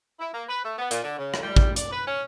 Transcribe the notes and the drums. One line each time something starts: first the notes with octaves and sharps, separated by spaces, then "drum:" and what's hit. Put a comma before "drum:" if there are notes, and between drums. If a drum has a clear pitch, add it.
E4
A#3
B4
A3
B3
A#2, drum: hi-hat
D3
C#3
drum: rim click
G3
drum: kick
D5, drum: hi-hat
B4
C#4